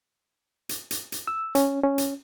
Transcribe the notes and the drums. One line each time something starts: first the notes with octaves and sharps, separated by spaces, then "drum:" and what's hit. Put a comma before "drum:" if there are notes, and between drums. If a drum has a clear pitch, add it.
drum: hi-hat
drum: hi-hat
drum: hi-hat
E6
C#4, drum: hi-hat
C#4
drum: hi-hat